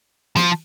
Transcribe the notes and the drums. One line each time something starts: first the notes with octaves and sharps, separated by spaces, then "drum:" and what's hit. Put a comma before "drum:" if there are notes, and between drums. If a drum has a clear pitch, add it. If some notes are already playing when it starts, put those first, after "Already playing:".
F3, drum: snare